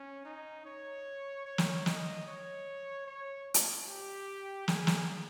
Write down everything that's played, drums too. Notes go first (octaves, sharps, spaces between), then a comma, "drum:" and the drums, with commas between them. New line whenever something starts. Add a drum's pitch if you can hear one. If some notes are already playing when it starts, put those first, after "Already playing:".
Already playing: C#4
D#4
C#5
C#5
drum: snare
D#5, drum: snare
C#5
C#5
drum: hi-hat
G4
G#4, drum: snare
drum: snare